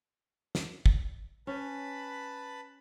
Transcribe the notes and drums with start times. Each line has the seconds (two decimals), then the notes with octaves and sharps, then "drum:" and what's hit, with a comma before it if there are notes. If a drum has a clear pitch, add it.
0.55 drum: snare
0.86 drum: kick
1.47 C#4 B4 A5 B5